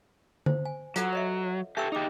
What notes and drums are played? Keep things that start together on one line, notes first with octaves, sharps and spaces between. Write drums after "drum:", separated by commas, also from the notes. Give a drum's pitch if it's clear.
C5, drum: tom D3
G#5
F#3 F4 A4 F#5, drum: hi-hat
C#5 D#5 E5
G4 A4 E5 C#6 E6
D#4 G4 G#4 D6